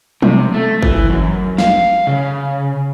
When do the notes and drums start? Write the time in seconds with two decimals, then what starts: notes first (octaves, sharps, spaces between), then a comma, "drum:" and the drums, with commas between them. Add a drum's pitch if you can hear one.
0.22 C3, drum: tom
0.54 A3
0.82 E3, drum: kick G1
1.10 F#2
1.58 F5, drum: snare
2.07 C#3